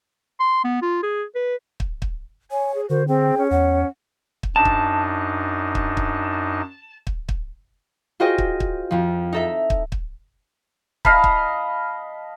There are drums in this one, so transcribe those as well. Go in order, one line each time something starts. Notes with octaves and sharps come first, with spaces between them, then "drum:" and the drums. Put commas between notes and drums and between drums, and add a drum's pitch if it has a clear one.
C6
B3
F4
G#4
B4
drum: kick
drum: kick
C#5 G#5
G#4
D3 F#4 A#4 C5
C4 G#4 G5
C#4
E2 C#5 F#5
drum: kick
F#2 D4 D#4 A5
drum: kick
drum: kick
drum: kick
drum: kick
drum: kick
F4 F#4 G#4 C5 D#5 G5
drum: kick
drum: kick
F2 F3
D#4 A4 E5
drum: kick
drum: kick
D#5 F5 A5 B5, drum: kick
drum: kick